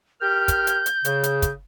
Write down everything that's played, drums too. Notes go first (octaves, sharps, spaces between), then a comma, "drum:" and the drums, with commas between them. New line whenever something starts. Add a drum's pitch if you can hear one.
G4 A#4 F6 G6
drum: kick, hi-hat
drum: hi-hat
drum: hi-hat
C#3, drum: hi-hat
drum: hi-hat
drum: kick, hi-hat